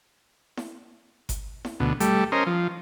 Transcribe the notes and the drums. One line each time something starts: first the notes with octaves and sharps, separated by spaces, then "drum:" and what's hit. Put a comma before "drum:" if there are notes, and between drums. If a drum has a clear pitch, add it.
drum: snare E4
drum: kick G1, hi-hat
drum: snare E4
D2 B2
G3 A3, drum: hi-hat
C#4 A#4 C5 D#5
F3